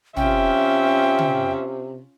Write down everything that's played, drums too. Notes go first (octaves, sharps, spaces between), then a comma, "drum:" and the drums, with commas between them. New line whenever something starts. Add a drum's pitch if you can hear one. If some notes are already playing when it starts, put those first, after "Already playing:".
C3 C#4 F4 E5 G5, drum: tom
drum: tom C#3